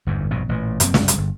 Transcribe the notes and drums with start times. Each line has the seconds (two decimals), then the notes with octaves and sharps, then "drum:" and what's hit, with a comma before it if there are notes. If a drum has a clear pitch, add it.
0.07 G1 E2 G#2
0.30 A#1 G2 B2
0.49 A1 A#2
0.80 F1 F#2 A#3 C4, drum: hi-hat
0.94 F#1 C2 G2, drum: snare
1.08 drum: hi-hat
1.18 G1